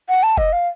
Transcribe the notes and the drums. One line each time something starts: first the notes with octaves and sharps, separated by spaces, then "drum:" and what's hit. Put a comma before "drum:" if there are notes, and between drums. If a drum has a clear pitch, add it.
F#5
A5
D#5, drum: kick F1
F5